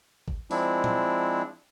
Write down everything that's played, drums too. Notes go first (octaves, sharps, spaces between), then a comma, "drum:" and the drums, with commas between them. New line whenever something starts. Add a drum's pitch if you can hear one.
drum: kick G#1
F3 G#3 C4 D4 E4, drum: open hi-hat
drum: tom A#2